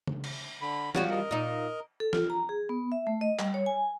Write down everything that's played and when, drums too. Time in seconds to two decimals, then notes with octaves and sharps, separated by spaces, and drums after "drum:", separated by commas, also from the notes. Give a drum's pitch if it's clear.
0.07 drum: tom C#3
0.24 drum: cymbal
0.61 D3 B5
0.95 F2 F3 G3 F#4 C#5 F#5, drum: snare
1.11 A#4 D#5
1.31 A#2 D#4
2.00 A4
2.13 F4, drum: snare
2.30 A#5
2.49 G#4
2.69 B3
2.92 E5
3.07 A3
3.21 D#5
3.39 G3, drum: clap
3.54 C#5
3.66 G#5